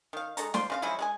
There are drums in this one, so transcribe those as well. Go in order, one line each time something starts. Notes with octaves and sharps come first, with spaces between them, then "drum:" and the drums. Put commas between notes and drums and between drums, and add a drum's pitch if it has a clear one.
D#3 F5
G#3 G4 A4 A#5, drum: hi-hat
F4 C5 D5 C6, drum: snare
C#3 F4 F5
F3 F#3 G#3 E4
G#3 G#4 G#5